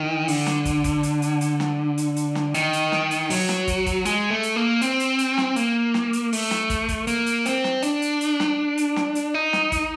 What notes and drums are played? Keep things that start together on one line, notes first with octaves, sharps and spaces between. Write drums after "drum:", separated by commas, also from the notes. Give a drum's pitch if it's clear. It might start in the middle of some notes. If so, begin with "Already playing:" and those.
Already playing: D#3
D3, drum: open hi-hat
drum: snare
drum: kick, hi-hat
drum: kick, hi-hat
drum: hi-hat
drum: hi-hat
drum: hi-hat
drum: snare
drum: hi-hat
drum: hi-hat
drum: snare
D#3, drum: hi-hat
drum: hi-hat
drum: snare
drum: hi-hat
F#3, drum: open hi-hat
drum: snare
drum: kick, hi-hat
drum: kick, hi-hat
G#3, drum: hi-hat
A3
drum: hi-hat
A#3
C4, drum: hi-hat
drum: hi-hat
drum: hi-hat
drum: snare
A#3, drum: hi-hat
drum: snare
drum: hi-hat
A3, drum: open hi-hat
drum: snare
drum: kick, hi-hat
drum: kick, hi-hat
A#3, drum: hi-hat
drum: hi-hat
C4, drum: hi-hat
drum: snare
D4, drum: hi-hat
drum: hi-hat
drum: hi-hat
drum: snare
drum: hi-hat
drum: snare
drum: hi-hat
D#4
drum: snare
drum: kick, hi-hat